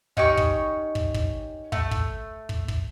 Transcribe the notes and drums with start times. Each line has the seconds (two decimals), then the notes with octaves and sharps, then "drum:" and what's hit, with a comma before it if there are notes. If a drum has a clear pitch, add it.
0.17 C#4 D#4 G4 C#6, drum: kick
0.37 drum: kick
0.95 drum: kick
1.14 drum: kick
1.72 A3, drum: kick
1.91 drum: kick
2.49 drum: kick
2.68 drum: kick